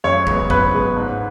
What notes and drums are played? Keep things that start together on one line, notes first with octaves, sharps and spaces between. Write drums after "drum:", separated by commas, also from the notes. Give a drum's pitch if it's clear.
F#2 C#5
C#3 G#3 B3, drum: kick
F#2 B4, drum: kick
C#3 G#3 B3
G#2